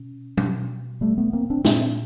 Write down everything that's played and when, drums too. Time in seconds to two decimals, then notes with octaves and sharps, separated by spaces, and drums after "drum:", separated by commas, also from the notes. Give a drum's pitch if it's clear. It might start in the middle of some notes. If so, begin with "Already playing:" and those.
Already playing: B2 C#4
0.37 B2, drum: tom F#3
1.01 G3 A3
1.18 A3 B3
1.33 A#3 C4
1.50 C4 D4
1.65 A#2 C4 D4, drum: snare